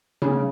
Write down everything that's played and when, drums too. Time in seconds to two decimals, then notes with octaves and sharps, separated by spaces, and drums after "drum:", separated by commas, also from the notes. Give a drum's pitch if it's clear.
0.22 C#3, drum: tom